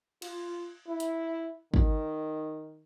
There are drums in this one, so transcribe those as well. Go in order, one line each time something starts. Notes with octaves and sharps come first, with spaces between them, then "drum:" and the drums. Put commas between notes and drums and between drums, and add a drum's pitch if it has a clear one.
F4, drum: cymbal
E4
drum: hi-hat
D#3, drum: kick